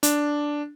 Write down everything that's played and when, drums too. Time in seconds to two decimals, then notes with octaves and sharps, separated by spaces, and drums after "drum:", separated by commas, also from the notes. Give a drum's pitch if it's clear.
0.03 D4, drum: hi-hat